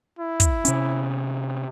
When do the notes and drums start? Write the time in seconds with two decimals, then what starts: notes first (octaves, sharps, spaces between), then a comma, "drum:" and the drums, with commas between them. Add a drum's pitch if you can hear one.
0.19 E4
0.40 drum: kick, hi-hat
0.65 C3 C#4, drum: hi-hat